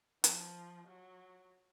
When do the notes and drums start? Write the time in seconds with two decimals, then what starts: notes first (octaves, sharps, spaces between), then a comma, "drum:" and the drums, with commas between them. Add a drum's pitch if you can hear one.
0.24 F3, drum: hi-hat
0.87 F#3